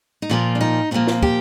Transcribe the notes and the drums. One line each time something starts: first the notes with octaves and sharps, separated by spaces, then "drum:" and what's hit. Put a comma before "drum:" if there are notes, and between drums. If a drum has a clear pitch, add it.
D#4
A#2 F3 A#3 F4
D4
D#4
A#2 F3 A#3 C4
drum: snare
G4, drum: kick